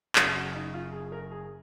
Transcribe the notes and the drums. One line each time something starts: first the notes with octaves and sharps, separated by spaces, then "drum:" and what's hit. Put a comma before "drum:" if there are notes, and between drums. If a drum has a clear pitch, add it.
F#1 F#2 C#3 F#4, drum: clap
F#4
D#4
F4
G#4
A#4
G#4